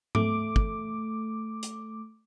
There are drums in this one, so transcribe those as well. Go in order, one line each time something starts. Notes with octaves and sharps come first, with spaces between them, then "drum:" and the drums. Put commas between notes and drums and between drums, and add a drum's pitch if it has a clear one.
A3 D6, drum: tom G#2
drum: kick
drum: hi-hat